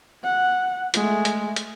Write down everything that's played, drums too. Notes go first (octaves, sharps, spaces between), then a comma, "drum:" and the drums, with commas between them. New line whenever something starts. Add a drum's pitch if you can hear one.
F#5
G#3 A3, drum: hi-hat
drum: hi-hat
drum: hi-hat